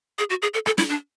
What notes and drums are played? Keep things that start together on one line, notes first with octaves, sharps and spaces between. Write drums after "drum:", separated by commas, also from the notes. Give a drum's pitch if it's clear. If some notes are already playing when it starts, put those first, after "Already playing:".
G#4
F#4
G#4
A4
A4, drum: rim click
E4, drum: snare
D4